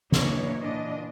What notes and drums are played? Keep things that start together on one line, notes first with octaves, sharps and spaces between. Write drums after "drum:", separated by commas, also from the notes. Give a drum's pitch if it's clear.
A#2 E3 F#3 D4 D#4 C#5, drum: snare
A#2 E3 D4 D#5